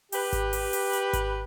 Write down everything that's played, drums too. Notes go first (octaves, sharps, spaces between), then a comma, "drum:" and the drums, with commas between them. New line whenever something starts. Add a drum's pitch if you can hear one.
G4 B4, drum: open hi-hat
drum: kick G#1, hi-hat
drum: open hi-hat
drum: open hi-hat
drum: hi-hat
drum: kick G#1, hi-hat